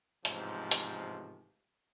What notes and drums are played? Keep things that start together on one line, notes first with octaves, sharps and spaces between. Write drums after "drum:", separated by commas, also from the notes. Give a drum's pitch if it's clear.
A1 G#2 C3 F3, drum: hi-hat
drum: hi-hat